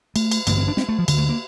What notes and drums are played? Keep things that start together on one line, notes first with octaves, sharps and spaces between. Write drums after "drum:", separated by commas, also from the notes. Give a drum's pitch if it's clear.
A3, drum: cymbal
drum: cymbal
A1 G2 D3 A#3, drum: cymbal
C4
D4
C4, drum: snare
A3
F3
D2 D3 G3, drum: cymbal
A3
A#3